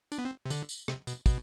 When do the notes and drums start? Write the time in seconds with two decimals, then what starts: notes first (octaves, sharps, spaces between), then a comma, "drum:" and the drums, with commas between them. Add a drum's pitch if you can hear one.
0.12 D4, drum: tambourine
0.18 B3
0.25 C4
0.45 C3
0.50 D3, drum: tambourine
0.69 drum: tambourine
0.88 C3, drum: rim click
1.07 B2, drum: tambourine
1.26 B2, drum: kick, tambourine